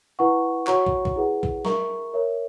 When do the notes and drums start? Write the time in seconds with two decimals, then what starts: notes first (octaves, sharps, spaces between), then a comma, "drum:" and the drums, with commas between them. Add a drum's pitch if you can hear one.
0.19 E4 B4 F#5 C#6
0.67 F#4 C#5 F#5 A#5 C#6, drum: clap
0.86 drum: kick
1.05 drum: kick
1.16 E4 G#4 B4 F#5
1.43 drum: kick
1.65 A#4 E5 A#5 C#6, drum: snare
2.13 A#4 C#5 E5